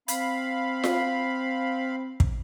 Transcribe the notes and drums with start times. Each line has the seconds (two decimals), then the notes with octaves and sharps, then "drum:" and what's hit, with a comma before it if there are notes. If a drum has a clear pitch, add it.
0.08 C4 F5 B5, drum: hi-hat
0.84 drum: snare F4
2.20 drum: kick